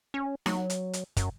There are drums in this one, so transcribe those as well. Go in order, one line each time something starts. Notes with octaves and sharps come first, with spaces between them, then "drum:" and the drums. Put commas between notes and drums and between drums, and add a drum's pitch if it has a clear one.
C#4
F#3, drum: snare D#4
drum: hi-hat
drum: hi-hat
F#2, drum: kick, hi-hat